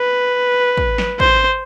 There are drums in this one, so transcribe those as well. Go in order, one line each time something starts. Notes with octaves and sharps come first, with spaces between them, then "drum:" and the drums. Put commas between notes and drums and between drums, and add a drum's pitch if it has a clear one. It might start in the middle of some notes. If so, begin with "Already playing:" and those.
Already playing: B4
drum: kick
drum: snare
C5, drum: kick